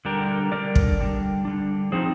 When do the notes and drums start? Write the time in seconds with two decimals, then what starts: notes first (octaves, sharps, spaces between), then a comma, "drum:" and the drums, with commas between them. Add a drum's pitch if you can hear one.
0.05 D3 G3 D4 G4 A#4
0.52 D3 G3 D4 A#4 D5
0.75 drum: kick
0.99 D3 G3 D4
1.45 D3 G3 D4
1.92 F3 C4 D#4 G#4 C5